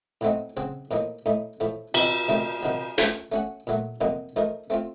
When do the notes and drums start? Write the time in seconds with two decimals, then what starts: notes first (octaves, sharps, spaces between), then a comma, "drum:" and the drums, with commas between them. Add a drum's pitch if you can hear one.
0.21 A2 F#3 A3 C4 D#4
0.57 C#3 F#3 C4
0.91 A2 F3 A#3 D#4
1.26 A2 A3 D#4
1.60 A2 F3 A3
1.94 C3 F3 C4 D#4, drum: cymbal
2.28 C3 D#3 A3 C4 D#4
2.63 C3 D#3 F#3
2.98 A3 C#4 F4 A4, drum: hi-hat
3.32 A3 C#4 F#4
3.67 A#2 F#3 A3
4.01 F2 C3 F#3 A#3 D#4
4.36 F3 A3 D#4 A#4
4.70 A3 C4 F4